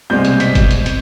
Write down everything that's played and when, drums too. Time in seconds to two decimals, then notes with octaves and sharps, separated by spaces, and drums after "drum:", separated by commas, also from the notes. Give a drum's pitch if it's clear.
0.10 C2 B2 G#3 C4 G6
0.25 drum: hi-hat
0.40 B6, drum: hi-hat
0.55 drum: kick G1, hi-hat
0.71 drum: hi-hat
0.86 drum: hi-hat